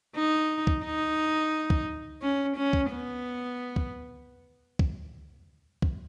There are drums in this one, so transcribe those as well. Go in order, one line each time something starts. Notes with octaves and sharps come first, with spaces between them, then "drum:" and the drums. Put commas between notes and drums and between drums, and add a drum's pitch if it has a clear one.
D#4
drum: kick
D#4
drum: kick
C#4
C#4
drum: kick
B3
drum: kick
drum: kick
drum: kick